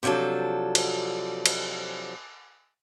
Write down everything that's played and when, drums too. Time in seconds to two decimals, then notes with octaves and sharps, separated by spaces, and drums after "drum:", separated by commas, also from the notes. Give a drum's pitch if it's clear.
0.03 C3 F3 F#3 D4 A4
0.75 drum: cymbal
1.46 drum: cymbal